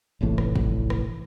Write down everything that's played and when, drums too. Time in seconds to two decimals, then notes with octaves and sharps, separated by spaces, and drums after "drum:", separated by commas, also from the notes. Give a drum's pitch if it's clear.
0.21 F1 A#1 A2 E3
0.38 drum: rim click
0.55 drum: kick
0.90 drum: rim click